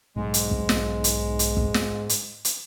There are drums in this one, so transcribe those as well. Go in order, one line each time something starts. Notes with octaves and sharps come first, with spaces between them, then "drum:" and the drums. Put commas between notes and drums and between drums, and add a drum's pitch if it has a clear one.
B1 G#2 G#3
drum: hi-hat
drum: kick
drum: snare
drum: hi-hat
drum: hi-hat
drum: kick
drum: snare
drum: hi-hat
drum: hi-hat